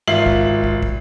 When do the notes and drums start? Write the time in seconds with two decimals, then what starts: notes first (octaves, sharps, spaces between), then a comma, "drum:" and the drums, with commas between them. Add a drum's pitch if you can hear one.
0.07 G#1 F4 E5 C7 F#7
0.26 drum: kick
0.64 drum: kick
0.82 drum: kick